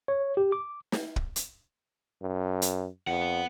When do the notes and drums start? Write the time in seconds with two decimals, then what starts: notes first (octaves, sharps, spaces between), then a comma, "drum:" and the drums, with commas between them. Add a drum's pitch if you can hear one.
0.08 C#5
0.37 G4
0.52 D6
0.92 drum: snare
1.16 drum: kick
1.36 drum: hi-hat
2.22 F#2
2.62 drum: hi-hat
3.07 F2 B3 F#5